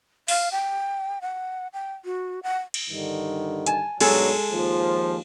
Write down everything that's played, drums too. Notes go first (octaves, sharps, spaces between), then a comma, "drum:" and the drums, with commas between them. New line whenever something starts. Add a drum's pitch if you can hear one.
F5, drum: open hi-hat
G5
F#5
G5
F#4
F#5
drum: cymbal
G2 D3 D#3
G#5 A5, drum: hi-hat
B1 G2 F#3 G#3 G#4 A4, drum: cymbal
D#2 F3